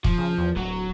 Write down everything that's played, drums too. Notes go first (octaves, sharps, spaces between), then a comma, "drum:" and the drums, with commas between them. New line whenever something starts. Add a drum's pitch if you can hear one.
F3, drum: kick
C#3
E2
D1 F#3